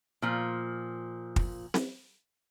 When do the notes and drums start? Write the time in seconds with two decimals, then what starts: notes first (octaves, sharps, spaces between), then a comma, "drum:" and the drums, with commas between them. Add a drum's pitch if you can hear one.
0.22 A#2 F3
1.36 drum: kick
1.74 drum: snare C4